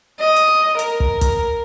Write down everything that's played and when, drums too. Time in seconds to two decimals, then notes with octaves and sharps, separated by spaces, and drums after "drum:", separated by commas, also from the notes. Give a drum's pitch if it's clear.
0.20 D#5
0.36 drum: hi-hat
0.79 A#4, drum: hi-hat
1.00 drum: kick
1.21 drum: kick, hi-hat